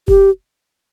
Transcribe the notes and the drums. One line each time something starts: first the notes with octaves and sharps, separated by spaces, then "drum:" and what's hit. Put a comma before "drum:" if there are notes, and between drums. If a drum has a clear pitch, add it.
G4, drum: kick